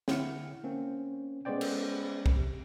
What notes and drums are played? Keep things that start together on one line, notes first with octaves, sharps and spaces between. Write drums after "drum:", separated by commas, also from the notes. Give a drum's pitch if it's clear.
D3 E4 F#5 F6 C#7, drum: snare
A#3 C4 C#4
G#3 B3 C#4 C5 D5 G5
drum: cymbal
drum: kick
C3